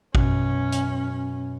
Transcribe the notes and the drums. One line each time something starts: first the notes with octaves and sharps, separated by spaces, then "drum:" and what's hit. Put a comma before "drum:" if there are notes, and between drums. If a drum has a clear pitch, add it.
F#2 B2 C#4, drum: kick
drum: hi-hat